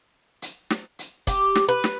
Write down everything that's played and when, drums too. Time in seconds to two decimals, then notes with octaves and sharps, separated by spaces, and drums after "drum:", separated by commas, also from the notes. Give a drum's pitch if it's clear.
0.42 drum: hi-hat
0.70 drum: snare
0.99 drum: hi-hat
1.27 G4, drum: kick, hi-hat
1.55 drum: snare
1.68 B4
1.84 drum: snare